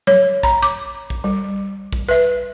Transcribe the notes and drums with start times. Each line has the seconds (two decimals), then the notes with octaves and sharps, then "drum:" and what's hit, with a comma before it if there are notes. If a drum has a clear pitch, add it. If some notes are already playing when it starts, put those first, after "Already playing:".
0.07 C#5, drum: tom F#3
0.43 A#5 B5, drum: kick
0.62 D6
1.10 drum: kick
1.24 G3
1.93 drum: kick
2.08 B4 E5